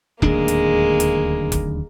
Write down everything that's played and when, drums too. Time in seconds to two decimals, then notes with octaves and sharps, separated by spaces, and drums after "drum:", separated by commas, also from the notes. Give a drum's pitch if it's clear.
0.22 D1 D#2 G#3 A#3 D4, drum: kick F1
0.48 drum: hi-hat
1.00 drum: hi-hat
1.52 drum: kick F1, hi-hat